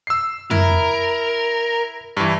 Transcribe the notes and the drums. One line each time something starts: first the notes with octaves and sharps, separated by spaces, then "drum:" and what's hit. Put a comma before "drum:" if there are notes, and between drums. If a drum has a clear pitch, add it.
E6 C7
E4 A#4, drum: tom F2
G2 E3